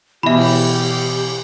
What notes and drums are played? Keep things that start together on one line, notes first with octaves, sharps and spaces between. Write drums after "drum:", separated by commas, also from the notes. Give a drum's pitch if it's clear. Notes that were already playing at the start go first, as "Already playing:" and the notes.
B2 E3 G4 E5 B5
drum: cymbal